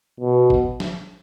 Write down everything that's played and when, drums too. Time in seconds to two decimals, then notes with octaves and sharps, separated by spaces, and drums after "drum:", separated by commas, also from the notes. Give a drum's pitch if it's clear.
0.20 B2
0.50 drum: kick G#1
0.80 drum: snare